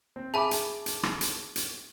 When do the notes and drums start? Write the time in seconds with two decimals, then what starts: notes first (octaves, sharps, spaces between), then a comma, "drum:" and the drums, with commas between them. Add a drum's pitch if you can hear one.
0.16 C4
0.34 G#4 E5 G#5 A5 B5 D6
0.51 drum: hi-hat
0.86 drum: hi-hat
1.03 drum: rim click
1.21 drum: hi-hat
1.56 drum: hi-hat